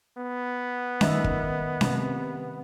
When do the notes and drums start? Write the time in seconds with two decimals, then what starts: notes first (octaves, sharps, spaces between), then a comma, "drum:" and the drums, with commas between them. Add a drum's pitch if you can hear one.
0.17 B3
1.01 D#3 D#5 E5, drum: snare C#4
1.24 drum: kick
1.81 C3, drum: snare C#4